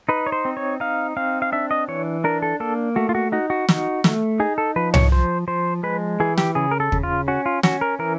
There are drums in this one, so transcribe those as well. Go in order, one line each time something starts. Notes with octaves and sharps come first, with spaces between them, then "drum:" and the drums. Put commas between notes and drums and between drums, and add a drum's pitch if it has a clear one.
D#4 B4
C#5
C5
C4
C#5
D#4 F5
C4 F5
F5
D4 E5
D#5
E3 C#5
D4 A#4
A4
A#3 A4
A3 F#4
F4
F#4
D#4 F#4
F#4
D#4, drum: snare
A3, drum: snare
D#4 G#4
A4
F3 B4
C#5, drum: tom C2
F3 C5
F3 C5
G#3 B4
E3 G#4
G4, drum: snare
C#3 G#4
A#4
A4
C#3, drum: kick
F4
C#4 F#4
F4
C#4 F#4, drum: snare
A#4
E3 A#4